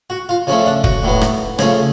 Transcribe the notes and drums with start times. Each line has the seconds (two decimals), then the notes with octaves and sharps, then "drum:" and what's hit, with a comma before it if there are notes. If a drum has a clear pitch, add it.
0.10 F#4
0.29 F4
0.47 C#3 F3 A3 C#4
0.66 D4
0.84 F#4, drum: kick
1.03 A2 F#3 B3
1.21 drum: rim click
1.59 C#3 F3 A3 G#4, drum: rim click